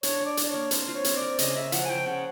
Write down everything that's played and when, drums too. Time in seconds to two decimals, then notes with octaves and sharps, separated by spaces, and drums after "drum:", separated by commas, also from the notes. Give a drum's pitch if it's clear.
0.03 D4 C#5, drum: hi-hat
0.21 D4 D5
0.37 D4 D5, drum: hi-hat
0.49 A#3 C#5
0.71 C4 C5, drum: hi-hat
0.88 F4
0.94 C#5
1.04 C4, drum: hi-hat
1.16 D5
1.22 A#4
1.39 C#3 D#5, drum: hi-hat
1.56 C#3 E5
1.72 F3 F#5, drum: hi-hat
1.85 G#5
1.89 F3 G5
2.06 C#3 F#5